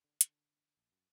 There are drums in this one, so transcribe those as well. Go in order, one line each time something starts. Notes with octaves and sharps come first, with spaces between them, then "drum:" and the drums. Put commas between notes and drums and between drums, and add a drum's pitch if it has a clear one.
D3
D3, drum: hi-hat
A#1
F#2